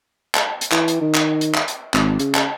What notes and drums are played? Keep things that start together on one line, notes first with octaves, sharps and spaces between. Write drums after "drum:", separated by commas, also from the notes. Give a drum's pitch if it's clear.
drum: clap
drum: hi-hat
E3, drum: clap
drum: hi-hat
D#3
drum: clap
drum: hi-hat
drum: clap
drum: hi-hat
G#1, drum: clap
C#3, drum: hi-hat
drum: clap